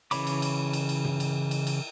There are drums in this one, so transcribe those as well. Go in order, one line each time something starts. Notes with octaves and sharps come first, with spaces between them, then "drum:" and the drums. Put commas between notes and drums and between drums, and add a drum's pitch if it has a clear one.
C#3 E3 C#5 B5 D6, drum: cymbal
drum: cymbal
drum: cymbal
drum: cymbal
drum: cymbal
drum: tom
drum: cymbal
drum: cymbal
drum: cymbal